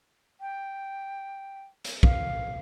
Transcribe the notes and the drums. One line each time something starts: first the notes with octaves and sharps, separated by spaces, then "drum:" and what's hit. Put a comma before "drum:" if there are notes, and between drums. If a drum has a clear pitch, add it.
G5
drum: hi-hat
F5, drum: kick